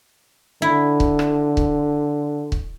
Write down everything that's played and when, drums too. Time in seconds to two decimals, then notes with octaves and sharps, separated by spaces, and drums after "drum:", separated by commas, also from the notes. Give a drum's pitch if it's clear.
0.62 D3 E4
1.00 drum: kick C#1
1.19 drum: rim click
1.57 drum: kick C#1
2.52 drum: kick C#1